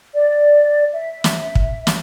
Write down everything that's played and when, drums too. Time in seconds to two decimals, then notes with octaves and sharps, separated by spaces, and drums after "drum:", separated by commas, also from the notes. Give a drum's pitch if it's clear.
0.14 D5
0.93 E5
1.24 drum: snare
1.55 drum: kick
1.87 drum: snare